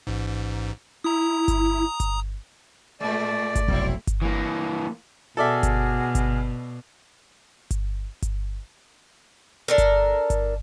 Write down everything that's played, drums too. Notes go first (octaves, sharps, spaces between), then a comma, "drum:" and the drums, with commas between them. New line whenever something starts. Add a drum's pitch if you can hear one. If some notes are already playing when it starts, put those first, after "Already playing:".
A1 G#2
E4 A#5 D#6
drum: kick G1, hi-hat
drum: kick G1, hi-hat
A2 G#3 A3 D5
drum: kick G1, hi-hat
F1 B1 F#3 C4 E4
drum: kick G1, hi-hat
E3 A#3
B2 F#4 G#4 A4 D5 E5 F6
drum: kick G1, hi-hat
drum: kick G1, hi-hat
drum: kick G1, hi-hat
drum: kick G1, hi-hat
D4 A4 A#4
drum: kick G1, hi-hat
drum: kick G1, hi-hat